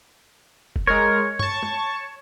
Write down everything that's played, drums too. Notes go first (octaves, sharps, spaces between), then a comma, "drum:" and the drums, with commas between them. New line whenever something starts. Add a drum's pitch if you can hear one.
drum: kick F1
G#3 A#4 C#5
A5 C#6, drum: tom G2
drum: tom